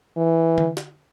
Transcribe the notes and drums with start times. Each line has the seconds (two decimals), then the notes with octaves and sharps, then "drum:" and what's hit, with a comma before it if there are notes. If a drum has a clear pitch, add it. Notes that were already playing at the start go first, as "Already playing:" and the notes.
0.17 E3
0.58 drum: tom D3
0.77 drum: snare